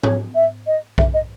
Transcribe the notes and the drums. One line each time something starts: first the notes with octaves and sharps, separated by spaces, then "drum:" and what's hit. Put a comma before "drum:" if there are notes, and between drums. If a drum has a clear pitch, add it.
C#5, drum: tom
E5
D#5
E5, drum: kick B1
D#5